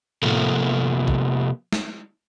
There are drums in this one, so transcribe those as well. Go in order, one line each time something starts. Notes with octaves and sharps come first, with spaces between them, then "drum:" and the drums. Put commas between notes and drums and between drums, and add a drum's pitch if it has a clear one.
C3 F3 A#3 A4, drum: tom A2
drum: kick
drum: snare